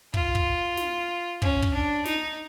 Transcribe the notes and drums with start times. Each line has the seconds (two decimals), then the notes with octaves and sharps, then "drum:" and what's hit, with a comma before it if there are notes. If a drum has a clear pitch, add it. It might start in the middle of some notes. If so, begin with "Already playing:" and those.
0.14 F4, drum: kick
0.35 drum: kick
0.77 drum: snare
1.42 C#4, drum: kick
1.62 drum: kick
1.73 D4
2.06 D#4, drum: snare